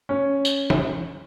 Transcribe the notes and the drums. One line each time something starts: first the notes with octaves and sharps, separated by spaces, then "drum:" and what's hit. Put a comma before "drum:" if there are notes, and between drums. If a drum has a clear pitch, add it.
C#4
drum: tambourine
drum: tom